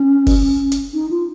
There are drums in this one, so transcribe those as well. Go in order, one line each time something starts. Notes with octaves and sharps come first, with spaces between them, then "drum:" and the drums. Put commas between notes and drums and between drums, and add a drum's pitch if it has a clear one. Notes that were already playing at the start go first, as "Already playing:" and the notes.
Already playing: C#4
drum: kick, open hi-hat
drum: hi-hat
D#4
F4